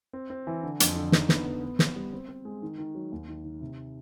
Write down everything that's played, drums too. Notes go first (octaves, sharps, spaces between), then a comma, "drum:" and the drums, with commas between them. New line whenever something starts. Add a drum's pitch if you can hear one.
C4
C4
E3
D3
F2, drum: hi-hat
D3
D#4, drum: snare
B3, drum: snare
B3
B3
B3, drum: snare
G3
C4
C4
G#3
D#3
D#3
F#3
D#2
D#3
D#3
C3